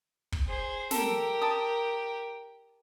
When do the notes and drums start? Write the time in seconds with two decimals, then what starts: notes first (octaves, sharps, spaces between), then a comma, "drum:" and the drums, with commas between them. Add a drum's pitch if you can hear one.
0.32 drum: kick
0.46 G#4 C5
0.91 G4 A4 A#4, drum: snare
1.42 A5 D#6